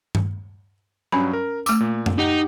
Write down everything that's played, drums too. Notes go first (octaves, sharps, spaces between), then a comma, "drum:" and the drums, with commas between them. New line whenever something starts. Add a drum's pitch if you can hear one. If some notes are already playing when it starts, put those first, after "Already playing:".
drum: tom G2
G2 F#3 C#4 B5
A#4
A3 D6 E6, drum: tambourine
A#2
drum: tom F#2
D#4 G4 F#5